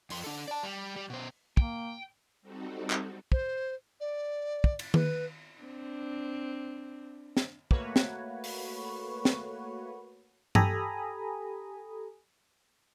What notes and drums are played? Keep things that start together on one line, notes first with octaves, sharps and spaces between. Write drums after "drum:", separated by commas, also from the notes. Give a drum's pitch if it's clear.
F2 C6, drum: open hi-hat
D4 A4
D5 A5
G3
G3
B2 C5
A#3 G5, drum: kick
G3 C4 D#4 F#4 A4
drum: clap
C5, drum: kick
D5
drum: kick
drum: cymbal
B4, drum: tom D#3
C4 D4
drum: snare
A3 A#3 F#4 B4 C#5, drum: kick
drum: snare
drum: open hi-hat
drum: snare
G4 A4 G#5 A#5 B5 D#6, drum: tom G2